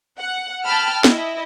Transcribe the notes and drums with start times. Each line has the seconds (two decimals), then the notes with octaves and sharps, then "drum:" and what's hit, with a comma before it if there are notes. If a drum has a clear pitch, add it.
0.19 F#5
0.64 G5 A5 B5 E6 F6
1.04 E4 D#5, drum: snare